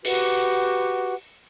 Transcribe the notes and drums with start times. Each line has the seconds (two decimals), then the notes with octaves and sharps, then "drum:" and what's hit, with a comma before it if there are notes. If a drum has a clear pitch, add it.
0.05 F#4 G4 B4 F#5, drum: open hi-hat